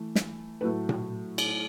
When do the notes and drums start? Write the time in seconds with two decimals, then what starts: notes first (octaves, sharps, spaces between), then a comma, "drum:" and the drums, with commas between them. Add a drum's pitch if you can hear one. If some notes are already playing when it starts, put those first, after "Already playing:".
Already playing: E3 A3
0.15 drum: snare
0.61 A2 F#3 A3 B4
0.89 drum: tom A#2
1.38 drum: cymbal